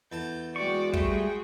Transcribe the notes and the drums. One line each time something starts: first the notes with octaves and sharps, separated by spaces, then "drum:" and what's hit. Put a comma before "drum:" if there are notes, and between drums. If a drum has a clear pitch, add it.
E2 A4 G6
G#3 F#4 D5 G5 C#6
G3 A3 G#4 G5, drum: kick